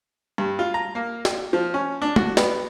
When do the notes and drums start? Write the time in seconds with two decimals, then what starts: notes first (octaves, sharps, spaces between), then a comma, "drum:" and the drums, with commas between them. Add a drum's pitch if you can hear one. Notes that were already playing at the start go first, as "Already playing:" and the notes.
0.38 G2
0.59 F4
0.74 A#5
0.95 A#3
1.25 drum: snare
1.53 F3
1.74 C#4
2.02 D4
2.16 F#4, drum: tom
2.37 B3, drum: snare